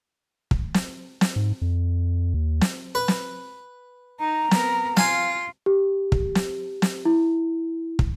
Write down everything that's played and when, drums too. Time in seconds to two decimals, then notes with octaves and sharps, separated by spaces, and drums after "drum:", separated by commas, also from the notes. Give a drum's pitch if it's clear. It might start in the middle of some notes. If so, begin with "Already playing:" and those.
0.51 drum: kick
0.74 drum: snare
1.21 drum: snare
1.36 G#2
1.62 F2
2.34 D#2
2.61 drum: snare
2.95 B4
3.08 drum: snare
4.20 D#4 A#5
4.51 B3 A#4, drum: snare
4.97 F4 F5 G#5, drum: snare
5.66 G4
6.12 drum: kick
6.35 drum: snare
6.82 drum: snare
7.05 E4
7.99 drum: kick